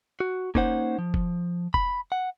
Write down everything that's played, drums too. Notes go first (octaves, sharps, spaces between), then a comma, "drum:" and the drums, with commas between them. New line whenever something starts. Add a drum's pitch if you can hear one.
F#4
A#3 C#4 D#4 C5 F#5, drum: kick F1
F3
drum: kick F1
B5, drum: kick F1
F#5